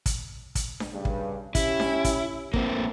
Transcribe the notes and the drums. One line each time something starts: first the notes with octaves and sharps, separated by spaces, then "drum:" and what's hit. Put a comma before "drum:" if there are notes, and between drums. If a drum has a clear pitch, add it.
drum: kick, hi-hat
drum: kick, hi-hat
drum: snare D4
G2 C#3
drum: kick
C#4 E4 G4, drum: kick, hi-hat
drum: snare D4
drum: kick, hi-hat
A2 A#3 C4, drum: kick